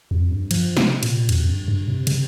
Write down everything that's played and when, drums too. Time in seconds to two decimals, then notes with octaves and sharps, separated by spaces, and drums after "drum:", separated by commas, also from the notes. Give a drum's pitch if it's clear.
0.11 F2
0.31 G2
0.51 F3, drum: cymbal
0.77 C3, drum: snare
1.03 A#2, drum: cymbal
1.29 F2, drum: cymbal
1.40 F2
1.48 G2
1.68 G2
1.88 C3
2.07 C3, drum: cymbal